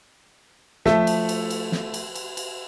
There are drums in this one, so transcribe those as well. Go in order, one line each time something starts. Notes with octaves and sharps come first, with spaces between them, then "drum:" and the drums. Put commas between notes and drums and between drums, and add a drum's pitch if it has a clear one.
F3 A3 A4 E5, drum: snare
drum: cymbal
drum: cymbal
drum: cymbal
drum: snare
drum: cymbal
drum: cymbal
drum: cymbal